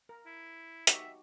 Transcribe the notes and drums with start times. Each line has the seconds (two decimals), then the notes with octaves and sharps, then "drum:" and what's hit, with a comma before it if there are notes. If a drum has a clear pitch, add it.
0.09 A#4
0.26 E4
0.87 D#4 F#4 G4 E5, drum: hi-hat